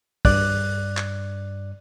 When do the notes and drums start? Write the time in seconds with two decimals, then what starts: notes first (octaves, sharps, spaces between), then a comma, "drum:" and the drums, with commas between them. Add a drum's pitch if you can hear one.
0.25 G2 D5 F#6, drum: kick, open hi-hat
0.97 drum: clap